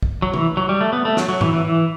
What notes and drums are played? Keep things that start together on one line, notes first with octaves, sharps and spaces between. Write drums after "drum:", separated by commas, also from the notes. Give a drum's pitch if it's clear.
drum: kick
F#3
E3, drum: tom C3
F#3
G3
A3
B3
A3
F#3, drum: snare
F#3
E3, drum: tom G#2
E3
E3